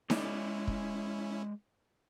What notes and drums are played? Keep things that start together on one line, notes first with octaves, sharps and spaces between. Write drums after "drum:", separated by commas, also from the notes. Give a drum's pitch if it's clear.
G#3 C#4 E4 D5 D#5, drum: snare D#4
drum: kick